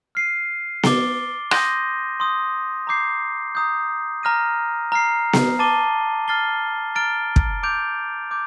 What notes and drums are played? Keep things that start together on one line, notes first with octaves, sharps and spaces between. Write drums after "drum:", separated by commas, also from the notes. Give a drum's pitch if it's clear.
F6 C7 D#7
D6 A6 D7 G7, drum: snare B3
C6 D#6 G6 A#6 D#7, drum: rim click
C6 D#6 G6
A#5 D6 G6 C7
A#5 D#6 G6
A#5 F6 A#6 D#7
A#5 F6 C7
drum: snare B3
A5 D6 A6 D#7 G7
F6 A6 C7 G7
A#5 F6 A6 D7 G7
drum: kick
D6 G6 D7 F7
D6 G6